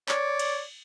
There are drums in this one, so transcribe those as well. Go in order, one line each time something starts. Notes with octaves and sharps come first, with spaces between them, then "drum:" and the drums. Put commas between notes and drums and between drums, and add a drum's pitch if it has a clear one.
C#5 D5, drum: clap
drum: cymbal